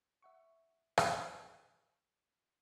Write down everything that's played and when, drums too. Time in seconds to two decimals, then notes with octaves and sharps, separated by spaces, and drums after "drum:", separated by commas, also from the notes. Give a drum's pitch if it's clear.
0.22 E5 F#5 C#6
0.98 drum: rim click